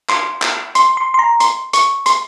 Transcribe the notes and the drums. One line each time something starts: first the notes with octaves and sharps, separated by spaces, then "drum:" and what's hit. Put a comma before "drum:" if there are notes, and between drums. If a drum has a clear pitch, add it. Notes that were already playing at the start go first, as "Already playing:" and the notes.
C6, drum: clap
drum: clap
C6, drum: hi-hat
C6
C6
A#5
C6, drum: hi-hat
C#6, drum: hi-hat
C6, drum: hi-hat